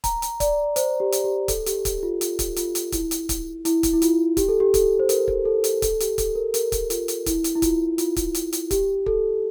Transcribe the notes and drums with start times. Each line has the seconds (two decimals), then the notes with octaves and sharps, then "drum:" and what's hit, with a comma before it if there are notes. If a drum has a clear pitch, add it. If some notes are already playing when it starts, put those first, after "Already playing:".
0.04 A#5, drum: kick, hi-hat
0.22 drum: hi-hat
0.40 D5, drum: kick, hi-hat
0.76 C5, drum: hi-hat
1.00 G4
1.12 drum: hi-hat
1.24 G4
1.48 A4, drum: kick, hi-hat
1.66 G4, drum: hi-hat
1.85 G4, drum: kick, hi-hat
1.98 G4
2.03 F4
2.21 F4, drum: hi-hat
2.39 drum: kick, hi-hat
2.56 F4, drum: hi-hat
2.75 drum: hi-hat
2.92 E4, drum: kick, hi-hat
3.11 drum: hi-hat
3.29 drum: kick, hi-hat
3.65 E4, drum: hi-hat
3.83 drum: kick, hi-hat
3.93 E4
4.02 F4, drum: hi-hat
4.37 G4, drum: kick, hi-hat
4.48 A4
4.60 G4
4.74 A4, drum: kick, hi-hat
4.99 C5
5.09 A#4, drum: hi-hat
5.28 drum: kick
5.45 A4
5.64 drum: hi-hat
5.82 A4, drum: kick, hi-hat
6.00 G4, drum: hi-hat
6.18 A4, drum: kick, hi-hat
6.35 A#4
6.54 A#4, drum: hi-hat
6.72 drum: kick, hi-hat
6.90 F4, drum: hi-hat
7.08 drum: hi-hat
7.26 E4, drum: kick, hi-hat
7.44 drum: hi-hat
7.55 E4
7.62 F4, drum: kick, hi-hat
7.98 F4, drum: hi-hat
8.16 drum: kick, hi-hat
8.35 drum: hi-hat
8.53 drum: hi-hat
8.71 G4, drum: kick, hi-hat
9.06 A4, drum: kick